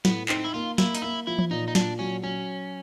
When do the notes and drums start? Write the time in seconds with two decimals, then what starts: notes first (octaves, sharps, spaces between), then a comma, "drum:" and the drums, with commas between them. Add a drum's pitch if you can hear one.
0.05 A2 B3, drum: snare
0.29 C4 D#4, drum: clap
0.44 E4
0.54 A#3 F4
0.78 A#3 E4, drum: snare
0.95 D#4, drum: hi-hat
1.02 A#3 E4
1.27 F3 E4
1.39 drum: tom E3
1.51 A#2 D#4
1.68 D#4
1.75 A#2 D4, drum: snare
1.99 F#3 C#4
2.23 F#3 C#4